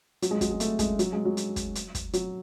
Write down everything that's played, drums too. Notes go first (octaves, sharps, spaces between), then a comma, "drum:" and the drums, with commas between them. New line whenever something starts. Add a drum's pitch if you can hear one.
F#3, drum: hi-hat
G#3
F#3, drum: kick, hi-hat
G#3
A3, drum: hi-hat
G#3, drum: kick, hi-hat
F#3, drum: hi-hat
G#3
F#3
drum: hi-hat
drum: kick, hi-hat
drum: hi-hat
drum: kick, hi-hat
F#3, drum: hi-hat